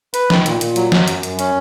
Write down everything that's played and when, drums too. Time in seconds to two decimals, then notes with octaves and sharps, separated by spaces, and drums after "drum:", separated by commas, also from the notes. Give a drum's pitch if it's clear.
0.14 B4, drum: hi-hat
0.30 D#3, drum: snare
0.46 A#2, drum: hi-hat
0.61 A#2, drum: hi-hat
0.76 F#3, drum: hi-hat
0.92 F#3, drum: snare
1.08 F#2, drum: hi-hat
1.23 F#2, drum: hi-hat
1.39 C#4, drum: hi-hat